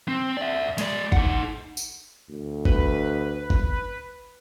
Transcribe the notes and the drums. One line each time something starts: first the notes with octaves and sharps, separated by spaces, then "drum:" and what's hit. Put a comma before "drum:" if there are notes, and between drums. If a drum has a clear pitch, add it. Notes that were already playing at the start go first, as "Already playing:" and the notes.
C4
D5 E5
G#3 D5, drum: hi-hat
D#4 F#5, drum: kick
drum: tambourine
D2
B4, drum: kick
drum: kick